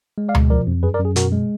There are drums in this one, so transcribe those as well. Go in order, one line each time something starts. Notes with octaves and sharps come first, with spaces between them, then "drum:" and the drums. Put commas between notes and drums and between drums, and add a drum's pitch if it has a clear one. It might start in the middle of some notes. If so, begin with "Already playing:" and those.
G#3
D5 F5
B2, drum: tom D2
F3 A#4 D5
F2
F#2 G#4 B4
A#4 D5
F#2
G#4
B2 F#4 A#4, drum: hi-hat
G#3